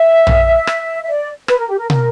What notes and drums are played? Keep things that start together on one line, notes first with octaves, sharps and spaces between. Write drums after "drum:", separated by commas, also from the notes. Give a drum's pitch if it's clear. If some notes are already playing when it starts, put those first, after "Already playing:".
Already playing: E5
drum: tom A#1
drum: rim click
E5
D5
B4, drum: rim click
A#4
G4
A#4
A#4, drum: tom